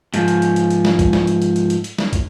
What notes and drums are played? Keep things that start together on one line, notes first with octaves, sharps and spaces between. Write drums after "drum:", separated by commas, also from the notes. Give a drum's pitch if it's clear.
G#2 F3, drum: hi-hat
drum: hi-hat
drum: hi-hat
drum: hi-hat
drum: hi-hat
drum: snare
drum: kick, hi-hat
drum: snare
drum: hi-hat
drum: hi-hat
drum: hi-hat
drum: hi-hat
drum: hi-hat
drum: snare
drum: kick, hi-hat